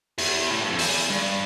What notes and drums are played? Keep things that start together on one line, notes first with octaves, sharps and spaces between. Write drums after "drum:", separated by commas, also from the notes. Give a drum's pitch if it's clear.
E2, drum: open hi-hat
A2
G2
F2
E2, drum: open hi-hat
G2